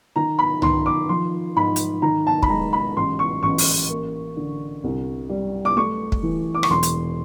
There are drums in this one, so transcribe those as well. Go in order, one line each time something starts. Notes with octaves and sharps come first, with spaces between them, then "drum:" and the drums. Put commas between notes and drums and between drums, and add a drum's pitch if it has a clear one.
D#3 A#5
B5
D#3 C6, drum: tom C2
D6
F3 C6
G#2 B5
drum: hi-hat
D#3 A#5
A5
B5, drum: kick
G#3 A#5
B5
A1 C6
C#6
A1 C#6
drum: open hi-hat
A#3
D3
C2
G3
D6
A3 C#6
drum: kick
E3
D6
C#6, drum: rim click
E1 C6
drum: hi-hat